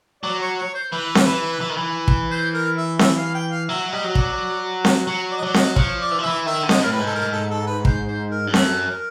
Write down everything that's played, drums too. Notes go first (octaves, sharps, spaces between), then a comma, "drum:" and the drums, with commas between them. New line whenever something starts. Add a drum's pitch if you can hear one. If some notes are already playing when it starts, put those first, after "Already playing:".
F#3 D5
C#5
C#5
C5
E3 B4
drum: snare C4
E3
E3
D#3
E3
drum: kick
C5
A#4
E5
E5, drum: snare C4
F5
G5
F5
F#3 E5
G3 D#5
F#3
D5, drum: kick
drum: snare C4
F#3 C#5
D5
D#5
F#3 D5
D#5, drum: snare C4
F3 C#5, drum: kick
D5
E3
F3
E3 E5
D#3 E5
D3
D#5, drum: snare C4
A2 A#4
B4
G#2
A4
A#4
A4
A4
B4
C5, drum: kick
C5
A#4
G2
F#2 A4, drum: snare C4
A#4